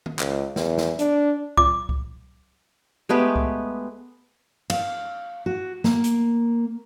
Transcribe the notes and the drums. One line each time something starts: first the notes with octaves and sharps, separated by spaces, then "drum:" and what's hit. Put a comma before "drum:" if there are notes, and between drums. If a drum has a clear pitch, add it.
drum: tom D#3
C#2, drum: clap
E2, drum: snare
drum: snare
D4, drum: hi-hat
D6, drum: kick C2
drum: kick C2
G#3 A3 B3 G4
drum: kick C2
F5, drum: cymbal
F#4
A#3, drum: snare
drum: hi-hat